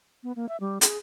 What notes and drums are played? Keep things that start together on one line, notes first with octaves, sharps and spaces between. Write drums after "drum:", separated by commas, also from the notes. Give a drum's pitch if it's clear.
B3
A#3
E5
G3
G#4, drum: hi-hat